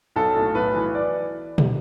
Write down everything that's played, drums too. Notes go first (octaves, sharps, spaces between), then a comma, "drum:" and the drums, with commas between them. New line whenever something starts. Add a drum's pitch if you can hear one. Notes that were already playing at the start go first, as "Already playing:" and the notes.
B1 A4
A2
B1 B4
E3
D5
drum: tom